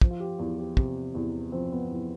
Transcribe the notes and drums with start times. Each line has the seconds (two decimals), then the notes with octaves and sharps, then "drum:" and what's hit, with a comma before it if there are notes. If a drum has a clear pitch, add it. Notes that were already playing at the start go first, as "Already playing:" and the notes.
0.01 F3, drum: kick
0.11 F4
0.20 G4
0.39 E2 G4
0.58 G4
0.77 C3, drum: kick
1.15 E2
1.52 F3 C4
1.72 B3
1.91 E2